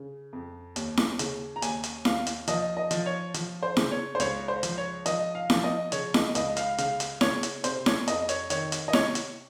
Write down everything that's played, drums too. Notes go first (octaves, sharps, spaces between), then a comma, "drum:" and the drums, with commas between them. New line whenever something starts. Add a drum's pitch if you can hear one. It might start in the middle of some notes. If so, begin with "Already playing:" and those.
Already playing: C#3
F2
D#2, drum: hi-hat
drum: snare E4
C#3, drum: hi-hat
A#5
D#2 G#5, drum: hi-hat
drum: hi-hat
D#2 F5, drum: snare E4
drum: hi-hat
F3 D#5, drum: hi-hat
D#5
F3, drum: hi-hat
C#5
F3, drum: hi-hat
C5
C#3, drum: snare E4
C#5
C5
C#2 C#5, drum: hi-hat
C5
F3, drum: hi-hat
C#5
F3 D#5, drum: hi-hat
F5
F3, drum: snare E4
D#5
C#3 C#5, drum: hi-hat
D#5, drum: snare E4
C#2 D#5, drum: hi-hat
F5, drum: hi-hat
C#3 F5, drum: hi-hat
drum: hi-hat
C#3 C#5, drum: snare E4
drum: hi-hat
C3 C5, drum: hi-hat
C#5, drum: snare E4
F2 D#5, drum: hi-hat
C#5, drum: hi-hat
D#3 C#5, drum: hi-hat
drum: hi-hat
D#5
C3 C#5, drum: snare E4
drum: hi-hat